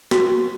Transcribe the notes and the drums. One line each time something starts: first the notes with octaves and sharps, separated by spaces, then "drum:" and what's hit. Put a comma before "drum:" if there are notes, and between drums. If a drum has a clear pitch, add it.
F#4, drum: snare